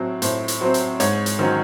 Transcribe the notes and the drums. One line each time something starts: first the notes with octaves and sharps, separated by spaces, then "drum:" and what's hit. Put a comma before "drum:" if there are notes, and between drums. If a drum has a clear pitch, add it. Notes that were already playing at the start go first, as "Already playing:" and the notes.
Already playing: A2 F#3 C4
A2 C5, drum: hi-hat
drum: hi-hat
F#3 C4 C5
drum: hi-hat
G#2 C#5, drum: hi-hat
drum: hi-hat
D#3 F#3 C#4 C5